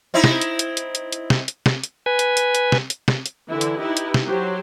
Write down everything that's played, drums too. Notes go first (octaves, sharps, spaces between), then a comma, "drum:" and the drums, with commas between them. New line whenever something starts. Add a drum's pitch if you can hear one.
C4 D#4 E4
drum: snare
drum: hi-hat
drum: hi-hat
drum: hi-hat
drum: hi-hat
drum: hi-hat
drum: snare
drum: hi-hat
drum: snare
drum: hi-hat
B4 G#5
drum: hi-hat
drum: hi-hat
drum: hi-hat
drum: snare
drum: hi-hat
drum: snare
drum: hi-hat
D3 E3 E4
drum: hi-hat
D#4 E4 G4 B4
drum: hi-hat
drum: snare
F#3 G4 C5